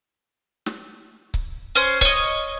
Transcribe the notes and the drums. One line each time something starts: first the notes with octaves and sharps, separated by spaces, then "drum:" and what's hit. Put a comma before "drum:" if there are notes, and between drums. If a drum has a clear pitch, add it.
drum: snare
drum: kick C#1
C#4 C5
C#5 D#5, drum: kick C#1